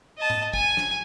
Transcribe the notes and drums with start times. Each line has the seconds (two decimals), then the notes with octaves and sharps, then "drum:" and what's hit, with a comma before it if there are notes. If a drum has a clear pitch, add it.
0.18 D#5 A5
0.30 drum: tom G#2
0.54 G#5, drum: kick
0.77 drum: snare